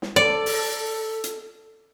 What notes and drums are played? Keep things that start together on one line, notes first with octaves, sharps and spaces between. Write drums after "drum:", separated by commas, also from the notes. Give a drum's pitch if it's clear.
drum: snare
A4 D5
drum: open hi-hat
drum: hi-hat